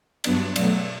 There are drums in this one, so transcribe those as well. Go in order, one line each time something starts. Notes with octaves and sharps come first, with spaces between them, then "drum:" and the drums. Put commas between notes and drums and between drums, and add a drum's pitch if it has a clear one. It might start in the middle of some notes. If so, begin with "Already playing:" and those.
G2 F#3 B3 D4, drum: cymbal
B2 F#3 A3, drum: cymbal